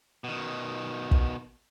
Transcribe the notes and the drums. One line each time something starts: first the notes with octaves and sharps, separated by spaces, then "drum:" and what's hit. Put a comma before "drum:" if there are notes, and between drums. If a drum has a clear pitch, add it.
B2 D#3
drum: kick